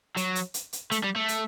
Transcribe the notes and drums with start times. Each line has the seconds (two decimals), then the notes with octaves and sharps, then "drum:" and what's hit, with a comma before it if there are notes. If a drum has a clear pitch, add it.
0.17 F#3, drum: hi-hat
0.35 drum: hi-hat
0.54 drum: hi-hat
0.73 drum: hi-hat
0.92 A3, drum: hi-hat
1.04 G3
1.16 A3
1.28 drum: hi-hat